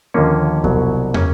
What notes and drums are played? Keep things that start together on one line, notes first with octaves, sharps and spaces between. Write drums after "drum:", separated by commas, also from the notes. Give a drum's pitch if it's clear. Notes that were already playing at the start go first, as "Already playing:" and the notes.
D#2 D3 F3 A#3 C#4
C2 B2 F#3, drum: kick E2
C#3 F#3 A#3 C#4, drum: tom